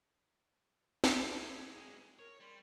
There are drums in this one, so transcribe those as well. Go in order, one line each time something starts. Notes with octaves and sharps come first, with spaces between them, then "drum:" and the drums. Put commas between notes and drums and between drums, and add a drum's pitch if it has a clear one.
drum: snare
F2 G#3 G#4
G#4
A#4 C#5
G3 C6